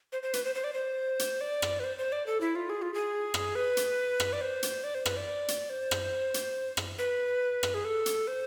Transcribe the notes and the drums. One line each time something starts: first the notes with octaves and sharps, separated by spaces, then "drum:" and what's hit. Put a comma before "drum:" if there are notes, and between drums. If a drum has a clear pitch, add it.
C5
C5
B4, drum: hi-hat
C5
C5
D5
C5
drum: hi-hat
D5
drum: rim click
B4
C5
C5
D5
A4
E4
F4
G#4
F4
G#4
drum: rim click
B4
drum: hi-hat
drum: rim click
D5
C5
drum: hi-hat
D5
C5
B4, drum: rim click
D5
drum: hi-hat
C5
drum: rim click
drum: hi-hat
drum: rim click
B4
drum: rim click
G#4
A4
drum: hi-hat
C5